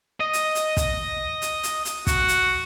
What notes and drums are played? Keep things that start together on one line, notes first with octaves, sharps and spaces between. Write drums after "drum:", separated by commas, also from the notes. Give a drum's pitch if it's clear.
D#5
drum: hi-hat
drum: hi-hat
drum: kick, hi-hat
drum: hi-hat
drum: hi-hat
drum: hi-hat
F#4, drum: kick, hi-hat
drum: hi-hat